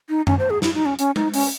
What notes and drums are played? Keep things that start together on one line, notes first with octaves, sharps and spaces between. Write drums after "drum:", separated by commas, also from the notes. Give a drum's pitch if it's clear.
D#4
C#4, drum: tom F#2
C5
G#4
E4, drum: snare
D#4
C#4
C#4, drum: hi-hat
D#4, drum: tom G#3
C#4, drum: open hi-hat